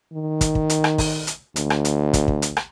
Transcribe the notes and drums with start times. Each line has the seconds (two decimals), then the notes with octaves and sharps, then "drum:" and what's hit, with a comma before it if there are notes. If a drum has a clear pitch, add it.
0.13 D#3
0.41 drum: kick, hi-hat
0.55 drum: kick
0.70 drum: hi-hat
0.84 drum: rim click
0.98 drum: kick, open hi-hat
1.27 drum: hi-hat
1.56 D2, drum: hi-hat
1.70 drum: rim click
1.85 drum: hi-hat
2.13 drum: kick, hi-hat
2.28 drum: kick
2.42 drum: hi-hat
2.57 drum: rim click